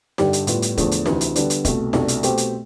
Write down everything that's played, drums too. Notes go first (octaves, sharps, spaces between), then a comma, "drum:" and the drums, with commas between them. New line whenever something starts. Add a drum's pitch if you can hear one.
G2 D3 G3 D4 G4, drum: snare D#4
drum: hi-hat
A2 G3 B3 F4, drum: hi-hat
drum: hi-hat
E2 D3 F3 A3, drum: kick E1, hi-hat
drum: hi-hat
D2 C3 E3, drum: snare D#4
drum: hi-hat
D3 G3 B3 D4, drum: hi-hat
drum: hi-hat
C2 B2 A3, drum: kick E1, hi-hat
C2 B2 A3 D4, drum: snare D#4
drum: hi-hat
B2 A3 C4 G4, drum: hi-hat
drum: hi-hat